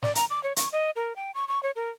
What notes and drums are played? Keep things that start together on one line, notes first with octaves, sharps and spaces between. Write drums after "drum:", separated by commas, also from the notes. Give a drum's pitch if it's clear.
D5, drum: snare
A#5, drum: hi-hat
D6
C#5
C#6, drum: hi-hat
D#5
A#4
G5
C#6
C#6
C#5
A#4